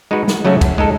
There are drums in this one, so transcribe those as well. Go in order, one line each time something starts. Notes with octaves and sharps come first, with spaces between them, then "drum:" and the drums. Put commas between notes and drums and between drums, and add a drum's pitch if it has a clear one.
G#3 D#4 F#4 B4
drum: snare
C#3 F#3 A3 C#4 F#4
drum: kick, cymbal
G#3 D#4 A4